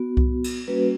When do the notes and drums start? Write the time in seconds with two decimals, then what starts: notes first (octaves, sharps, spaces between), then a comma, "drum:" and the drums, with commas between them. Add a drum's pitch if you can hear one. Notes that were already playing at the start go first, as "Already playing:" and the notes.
Already playing: B3 F#4
0.17 drum: kick C2
0.44 drum: cymbal
0.68 G3 A#3 C#4 F#4 B4